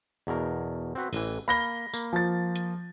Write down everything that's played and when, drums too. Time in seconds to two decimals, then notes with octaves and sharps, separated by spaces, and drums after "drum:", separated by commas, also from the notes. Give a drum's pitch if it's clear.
0.27 E2 B2 A#4
0.95 C4 F#4 B4
1.13 A1 E3, drum: open hi-hat
1.48 A#3 F5 B5 A#6 G7
1.94 A#3, drum: tambourine
2.13 F3 A6
2.56 drum: hi-hat